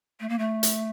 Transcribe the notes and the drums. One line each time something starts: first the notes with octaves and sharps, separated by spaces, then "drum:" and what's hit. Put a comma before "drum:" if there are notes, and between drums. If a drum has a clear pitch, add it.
A3
A#3
A3
drum: hi-hat